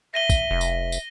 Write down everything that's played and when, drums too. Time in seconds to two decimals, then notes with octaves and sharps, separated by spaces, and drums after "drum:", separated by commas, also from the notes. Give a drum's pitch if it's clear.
0.14 E5 A#6 D#7 G7
0.30 drum: kick, tambourine
0.51 F1
0.61 drum: tambourine
0.92 drum: tambourine